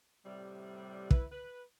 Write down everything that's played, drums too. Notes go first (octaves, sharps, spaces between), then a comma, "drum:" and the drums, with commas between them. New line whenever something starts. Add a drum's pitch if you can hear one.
A2 C3 G3
E4 B4, drum: kick
B4